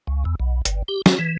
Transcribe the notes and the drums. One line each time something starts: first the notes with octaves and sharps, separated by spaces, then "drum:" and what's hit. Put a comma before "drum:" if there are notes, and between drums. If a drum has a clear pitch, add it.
C#2
E2
B1
G1, drum: hi-hat
G4
F#4, drum: snare
E3